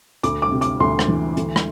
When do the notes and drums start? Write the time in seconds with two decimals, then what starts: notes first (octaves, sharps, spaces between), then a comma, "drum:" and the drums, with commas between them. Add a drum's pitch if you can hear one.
0.23 D2 D6, drum: hi-hat
0.42 D6
0.52 C3
0.61 D6, drum: hi-hat
0.80 D2 C6
0.99 drum: rim click
1.08 E3
1.37 D2, drum: hi-hat
1.56 drum: rim click